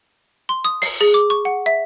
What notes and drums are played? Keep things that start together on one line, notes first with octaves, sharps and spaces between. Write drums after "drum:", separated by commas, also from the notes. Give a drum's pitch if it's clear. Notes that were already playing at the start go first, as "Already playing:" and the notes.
C6
D#6
C7, drum: open hi-hat
G#4
D6
C#6
F#5
E5